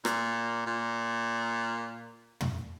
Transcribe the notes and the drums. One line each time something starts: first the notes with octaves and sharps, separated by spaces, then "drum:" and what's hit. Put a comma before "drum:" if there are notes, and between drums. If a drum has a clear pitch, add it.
A#2, drum: rim click
A#2
drum: tom